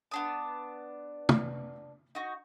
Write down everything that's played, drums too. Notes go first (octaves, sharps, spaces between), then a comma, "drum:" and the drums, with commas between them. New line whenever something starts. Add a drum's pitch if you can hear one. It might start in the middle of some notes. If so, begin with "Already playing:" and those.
B3 D4 D#6
drum: tom
D#4 F#4